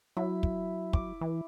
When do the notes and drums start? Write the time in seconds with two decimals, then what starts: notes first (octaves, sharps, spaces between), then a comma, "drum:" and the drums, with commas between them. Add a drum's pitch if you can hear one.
0.17 F#3 E4
0.43 drum: kick
0.93 D6, drum: kick
1.21 E3